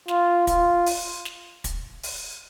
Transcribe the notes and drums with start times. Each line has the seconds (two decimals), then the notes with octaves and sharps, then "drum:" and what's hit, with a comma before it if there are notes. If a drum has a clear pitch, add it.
0.08 F4, drum: snare
0.47 F4, drum: kick, hi-hat
0.86 drum: open hi-hat
1.25 drum: snare
1.64 drum: kick, hi-hat
2.03 drum: open hi-hat